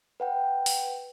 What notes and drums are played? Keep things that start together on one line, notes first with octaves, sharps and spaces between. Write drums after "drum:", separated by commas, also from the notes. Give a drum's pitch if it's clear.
B4 F#5 G5
drum: open hi-hat